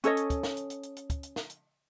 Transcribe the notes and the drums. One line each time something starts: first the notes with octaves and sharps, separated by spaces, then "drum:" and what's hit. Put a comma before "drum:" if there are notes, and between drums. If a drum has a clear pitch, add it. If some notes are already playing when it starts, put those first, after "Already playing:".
C#4 A4 C#5 D#5, drum: hi-hat
drum: hi-hat
drum: kick, hi-hat
drum: snare
drum: hi-hat
drum: hi-hat
drum: hi-hat
drum: hi-hat
drum: kick, hi-hat
drum: hi-hat
drum: snare
drum: hi-hat